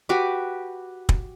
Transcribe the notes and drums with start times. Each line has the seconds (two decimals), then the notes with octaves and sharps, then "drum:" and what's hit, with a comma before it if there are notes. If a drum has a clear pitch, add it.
0.09 F#4 G4 B4 D6
1.09 drum: kick